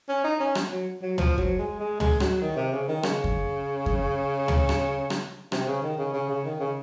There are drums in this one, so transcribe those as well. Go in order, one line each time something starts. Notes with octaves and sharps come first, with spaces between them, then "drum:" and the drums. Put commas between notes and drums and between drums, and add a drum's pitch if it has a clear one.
C#4
D#4
C#4
drum: rim click
F#3
F#3
F3, drum: tom
F#3, drum: kick F2
G#3
G#3
G#3, drum: tom
F#3, drum: rim click
D#3
C3
C#3
D#3
C#3, drum: rim click
drum: kick F2
drum: kick F2
drum: tom
drum: rim click
drum: rim click
C3, drum: rim click
C#3
D#3
C#3
C#3
C#3
D#3
C#3